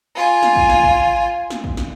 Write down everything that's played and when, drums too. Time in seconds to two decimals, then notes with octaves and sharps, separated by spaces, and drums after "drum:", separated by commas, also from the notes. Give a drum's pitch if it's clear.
0.16 F4 G#5
0.43 drum: snare
0.56 drum: kick
0.70 drum: snare
0.83 drum: kick
1.50 drum: snare
1.64 drum: kick
1.77 drum: snare